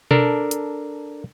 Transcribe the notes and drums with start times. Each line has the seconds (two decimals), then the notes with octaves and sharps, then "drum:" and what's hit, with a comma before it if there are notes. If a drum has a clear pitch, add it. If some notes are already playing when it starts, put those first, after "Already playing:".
0.11 D4 A4 A#4, drum: tom B2
0.51 drum: hi-hat